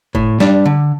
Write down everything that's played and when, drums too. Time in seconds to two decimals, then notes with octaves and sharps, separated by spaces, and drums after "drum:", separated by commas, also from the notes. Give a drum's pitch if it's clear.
0.15 A2, drum: kick F#1
0.40 G3 D4, drum: snare
0.66 D3